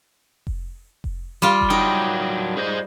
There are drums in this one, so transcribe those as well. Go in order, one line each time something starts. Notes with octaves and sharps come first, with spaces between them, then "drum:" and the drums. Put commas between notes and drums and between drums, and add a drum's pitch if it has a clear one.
drum: kick F1
drum: kick F1
G3 F4
drum: kick F1
F#3 D4 D#4 G5
G#4 C5 D#5